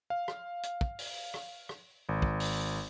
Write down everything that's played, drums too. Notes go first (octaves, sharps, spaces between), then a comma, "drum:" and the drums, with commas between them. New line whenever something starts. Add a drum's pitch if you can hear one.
F5
drum: rim click
drum: hi-hat
drum: kick
drum: open hi-hat
drum: rim click
drum: rim click
G#1
drum: kick
drum: open hi-hat